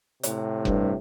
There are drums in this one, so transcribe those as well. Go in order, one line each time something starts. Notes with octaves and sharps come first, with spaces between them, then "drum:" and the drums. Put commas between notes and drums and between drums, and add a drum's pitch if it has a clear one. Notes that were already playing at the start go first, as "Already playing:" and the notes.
A2 C3, drum: hi-hat
G2, drum: kick F1